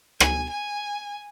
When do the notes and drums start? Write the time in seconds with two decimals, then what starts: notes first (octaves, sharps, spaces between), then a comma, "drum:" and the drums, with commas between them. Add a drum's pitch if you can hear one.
0.20 G#5, drum: rim click
0.50 G#5